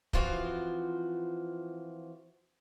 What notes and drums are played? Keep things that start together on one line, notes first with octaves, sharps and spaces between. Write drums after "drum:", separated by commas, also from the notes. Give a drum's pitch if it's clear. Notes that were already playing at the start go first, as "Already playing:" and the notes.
E3 F3 C4 F4 F#4, drum: kick